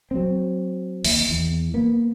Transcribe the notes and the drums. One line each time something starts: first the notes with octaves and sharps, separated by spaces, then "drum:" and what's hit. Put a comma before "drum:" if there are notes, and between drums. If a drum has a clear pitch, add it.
F#3 C4
D#2, drum: open hi-hat
E2
A#3 B3